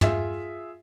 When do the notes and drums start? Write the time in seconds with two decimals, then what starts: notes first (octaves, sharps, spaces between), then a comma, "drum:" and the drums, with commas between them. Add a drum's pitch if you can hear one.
0.01 F4 G#4 E5, drum: tom